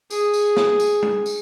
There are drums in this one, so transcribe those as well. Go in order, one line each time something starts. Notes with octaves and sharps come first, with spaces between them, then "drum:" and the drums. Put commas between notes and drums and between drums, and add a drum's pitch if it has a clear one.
G#4, drum: tambourine
drum: tambourine
drum: snare
drum: tambourine
drum: tom G3
drum: tambourine